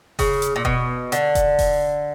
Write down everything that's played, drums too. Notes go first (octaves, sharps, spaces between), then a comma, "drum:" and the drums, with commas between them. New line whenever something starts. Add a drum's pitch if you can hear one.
C#3, drum: kick F1, open hi-hat
drum: hi-hat
A#2
B2, drum: kick F1
D3, drum: hi-hat
drum: kick F1, hi-hat
drum: kick F1, open hi-hat